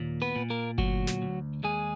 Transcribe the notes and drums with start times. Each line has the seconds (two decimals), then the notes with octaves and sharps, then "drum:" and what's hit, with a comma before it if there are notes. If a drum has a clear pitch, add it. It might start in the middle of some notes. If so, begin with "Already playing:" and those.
Already playing: D#2 A#2
0.22 B3 B4
0.36 A#2
0.50 A#3 A#4
0.78 D2 F#3 F#4, drum: kick G1
1.07 drum: snare
1.22 D2
1.64 D#2 G#3 G#4